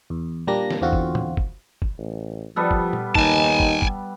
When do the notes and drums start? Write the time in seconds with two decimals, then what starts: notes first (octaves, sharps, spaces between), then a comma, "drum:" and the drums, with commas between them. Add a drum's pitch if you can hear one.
0.10 E2
0.47 A#2 G3 A#3 D4 A#6
0.71 drum: snare
0.81 E2 D3 C4 F4 F#4
0.93 drum: kick
1.15 drum: tom
1.37 drum: kick
1.82 drum: kick
1.98 A1
2.56 F3 G3 B3 A4
2.71 drum: kick
2.93 drum: tom A#2
3.15 D#2 D#4 G#5 A5, drum: kick
3.60 drum: kick
3.82 drum: kick